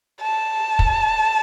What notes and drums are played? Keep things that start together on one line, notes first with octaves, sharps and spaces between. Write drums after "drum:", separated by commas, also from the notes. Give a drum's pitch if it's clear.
A5
drum: kick